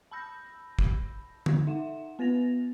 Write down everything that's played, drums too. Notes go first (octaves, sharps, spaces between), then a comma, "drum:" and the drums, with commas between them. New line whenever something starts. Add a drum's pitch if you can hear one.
A5 B5 E6 G6 A#6
drum: kick
drum: tom D3
D#4 E5 F#5 E7
B3 B4 A6 A#6 F7